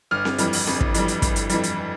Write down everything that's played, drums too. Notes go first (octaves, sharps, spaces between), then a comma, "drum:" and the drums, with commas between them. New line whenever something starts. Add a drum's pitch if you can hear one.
G1 F6
drum: snare C4
F2 E3 G3, drum: hi-hat
drum: open hi-hat
G1, drum: snare C4
drum: kick
F2 E3 G3, drum: hi-hat
drum: hi-hat
G1, drum: kick, hi-hat
drum: hi-hat
F2 E3 G3, drum: hi-hat
drum: hi-hat